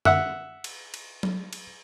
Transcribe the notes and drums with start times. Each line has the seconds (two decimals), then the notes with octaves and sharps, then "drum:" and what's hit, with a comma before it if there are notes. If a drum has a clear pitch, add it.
0.05 E5 F#5, drum: tom
0.64 drum: cymbal
0.94 drum: cymbal
1.23 drum: tom F#3
1.53 drum: cymbal